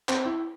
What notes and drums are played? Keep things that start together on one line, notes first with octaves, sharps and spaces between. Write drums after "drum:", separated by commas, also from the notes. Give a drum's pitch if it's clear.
C4, drum: clap
E4